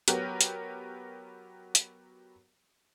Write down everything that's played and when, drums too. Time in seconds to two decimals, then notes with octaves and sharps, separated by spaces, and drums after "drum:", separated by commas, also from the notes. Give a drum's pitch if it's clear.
0.08 F#3 B3 F#4 G4 A#4 B4, drum: hi-hat
0.41 drum: hi-hat
1.75 drum: hi-hat